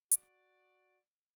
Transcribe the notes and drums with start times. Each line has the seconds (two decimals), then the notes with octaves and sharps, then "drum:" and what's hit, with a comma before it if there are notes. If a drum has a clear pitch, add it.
0.11 F#4 D5, drum: hi-hat